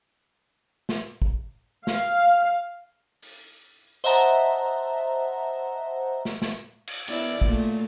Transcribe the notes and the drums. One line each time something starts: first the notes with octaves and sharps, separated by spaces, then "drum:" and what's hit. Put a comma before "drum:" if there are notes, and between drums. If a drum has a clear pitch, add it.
drum: snare
drum: kick
F5, drum: snare
drum: open hi-hat
C5 D#5 E5 F#5 A5 A#5
drum: snare
drum: snare
drum: cymbal
B3 E4 D5, drum: cymbal
A#2 A3, drum: kick